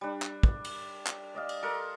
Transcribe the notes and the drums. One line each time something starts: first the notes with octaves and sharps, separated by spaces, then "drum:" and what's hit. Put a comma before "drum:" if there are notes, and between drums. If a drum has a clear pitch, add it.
G3 D4
drum: clap
drum: kick
drum: cymbal
drum: clap
D5 D#5 F5
drum: cymbal
A4 A#4 C6